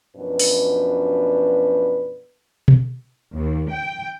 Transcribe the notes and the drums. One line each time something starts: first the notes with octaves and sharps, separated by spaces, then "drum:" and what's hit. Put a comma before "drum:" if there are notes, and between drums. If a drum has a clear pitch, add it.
F#2 B2 F3 D4 B4
drum: open hi-hat
drum: tom B2
D#2
G5